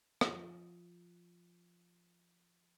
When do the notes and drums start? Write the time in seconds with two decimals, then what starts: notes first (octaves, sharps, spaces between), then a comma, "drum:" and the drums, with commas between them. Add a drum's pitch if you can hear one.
0.21 F3 F4, drum: rim click